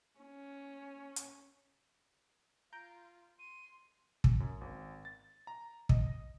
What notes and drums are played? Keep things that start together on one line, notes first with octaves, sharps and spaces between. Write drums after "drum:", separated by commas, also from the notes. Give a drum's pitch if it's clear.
C#4
drum: hi-hat
F4 A#5 G6 D7
C6 D#7
drum: kick
F#2
G#1
A6
A#5
D#5, drum: kick